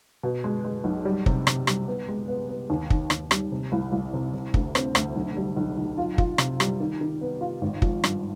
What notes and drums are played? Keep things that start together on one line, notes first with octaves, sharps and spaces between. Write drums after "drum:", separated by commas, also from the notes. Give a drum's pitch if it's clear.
B2
G#3
G#3
B1
G3
C3, drum: kick
C3, drum: rim click
G3, drum: rim click
B3
G#3
B3
B3
D#2
D#3, drum: kick
D#2, drum: rim click
G3, drum: rim click
C3
C2
C2
C3
C3
D2, drum: kick
C4, drum: rim click
D2, drum: rim click
B1
G3
B1
B1
F4
F4, drum: kick
C3, drum: rim click
G3, drum: rim click
D#3
D#3
B3
F4
G#1
F3, drum: kick
G2, drum: rim click